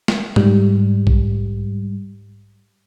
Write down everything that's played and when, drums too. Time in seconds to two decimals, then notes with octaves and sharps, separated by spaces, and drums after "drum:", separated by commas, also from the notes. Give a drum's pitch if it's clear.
0.08 drum: snare
0.36 G#2 G3, drum: tom
1.07 drum: kick A#1